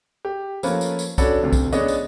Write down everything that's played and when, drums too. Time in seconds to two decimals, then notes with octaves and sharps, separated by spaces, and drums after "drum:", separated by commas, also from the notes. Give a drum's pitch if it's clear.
0.25 G4
0.63 F3 A3 A#3 C#4 A#4 B4, drum: tambourine
0.81 drum: tambourine
0.99 drum: tambourine
1.18 C#4 D4 F#4 A4 B4, drum: kick, tambourine
1.42 D2 C3
1.52 drum: kick, tambourine
1.73 G#3 B3 C#4 D4 D#5, drum: tambourine
1.88 drum: tambourine